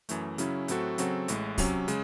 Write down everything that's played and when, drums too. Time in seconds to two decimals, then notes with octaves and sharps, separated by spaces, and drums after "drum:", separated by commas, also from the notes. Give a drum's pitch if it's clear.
0.09 F#2 E3 A3, drum: hi-hat
0.38 C#3 F#3 C#4 E4, drum: hi-hat
0.68 A2 F#3 C4 F#4 A4, drum: hi-hat
0.98 C#3 F#3 C4 F#4 A4, drum: hi-hat
1.28 A1 A2 G#3, drum: hi-hat
1.58 C3 F#3 C#4, drum: kick, open hi-hat
1.88 C#3 G#3, drum: hi-hat